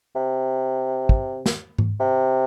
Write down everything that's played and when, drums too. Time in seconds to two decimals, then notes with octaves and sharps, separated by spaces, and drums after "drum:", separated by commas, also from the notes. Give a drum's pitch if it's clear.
0.16 C3
1.09 drum: kick
1.46 drum: snare
1.78 drum: tom G#2
2.00 C3